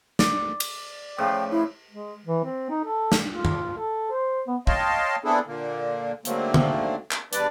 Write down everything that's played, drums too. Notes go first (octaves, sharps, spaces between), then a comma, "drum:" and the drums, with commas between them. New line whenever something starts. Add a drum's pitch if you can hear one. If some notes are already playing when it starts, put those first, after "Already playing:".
D5, drum: snare
drum: cymbal
A2 C#3 F3 G5
E4
G#3
E3
C4
D#4
A4
drum: snare
F4
drum: tom F#2
A4
C5
B3
C#5 D#5 F5 G5 A5 C6, drum: kick A1
B3 C4 D4 E4 G#4 A4
A#2 D3 A#3
G#2 D3 F#3 A3 A#3 C4, drum: hi-hat
drum: tom
drum: clap
E2 G3 D4 B4 D5 D6, drum: hi-hat